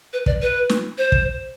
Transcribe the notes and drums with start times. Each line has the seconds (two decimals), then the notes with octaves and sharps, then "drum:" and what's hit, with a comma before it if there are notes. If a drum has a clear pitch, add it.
0.13 B4
0.26 D5, drum: kick
0.42 B4
0.69 drum: snare
0.98 C5
1.12 drum: kick